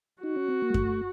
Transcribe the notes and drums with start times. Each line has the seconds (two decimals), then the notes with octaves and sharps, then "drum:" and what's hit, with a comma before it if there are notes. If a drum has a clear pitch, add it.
0.23 D#4 F#4
0.36 C#4
0.48 C4
0.62 A#3
0.70 G#3
0.74 A3, drum: kick F#2